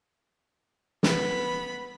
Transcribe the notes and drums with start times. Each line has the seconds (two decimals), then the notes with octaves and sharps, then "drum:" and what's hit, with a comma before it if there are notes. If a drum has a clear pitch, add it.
1.03 B3 B5, drum: snare